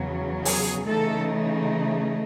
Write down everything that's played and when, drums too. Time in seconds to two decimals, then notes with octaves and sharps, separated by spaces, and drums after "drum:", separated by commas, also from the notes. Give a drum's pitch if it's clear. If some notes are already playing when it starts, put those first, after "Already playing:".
Already playing: E2 C#3 F#3
0.45 G#4, drum: open hi-hat
0.87 C#3 E3 A3 D#4 A4